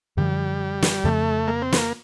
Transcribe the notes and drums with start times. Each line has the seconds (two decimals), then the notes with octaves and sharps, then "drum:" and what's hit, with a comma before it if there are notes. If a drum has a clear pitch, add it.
0.17 F#2 D3 F3 G3
0.82 drum: snare
1.04 F2 C#3 F3 A3
1.47 A#3
1.62 C4
1.72 B3, drum: snare
1.77 A#3